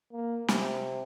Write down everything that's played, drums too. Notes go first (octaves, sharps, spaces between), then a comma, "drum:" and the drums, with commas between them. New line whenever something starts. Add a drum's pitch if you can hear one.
A#3
C3, drum: snare